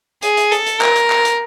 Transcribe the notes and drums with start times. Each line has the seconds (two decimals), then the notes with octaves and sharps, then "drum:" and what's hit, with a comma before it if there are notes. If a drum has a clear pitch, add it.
0.22 G#4, drum: hi-hat
0.37 drum: hi-hat
0.52 A4, drum: hi-hat
0.66 drum: hi-hat
0.81 A#4, drum: clap
0.96 drum: hi-hat
1.10 drum: clap
1.25 drum: hi-hat